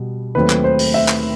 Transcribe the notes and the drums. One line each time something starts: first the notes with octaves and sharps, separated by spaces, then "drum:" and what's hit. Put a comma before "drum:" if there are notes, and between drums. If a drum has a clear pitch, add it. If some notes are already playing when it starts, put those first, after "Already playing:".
Already playing: B2 G3
D#2 D#3 F#3 A3 C4 B4
drum: clap
C5
drum: open hi-hat
E5
drum: clap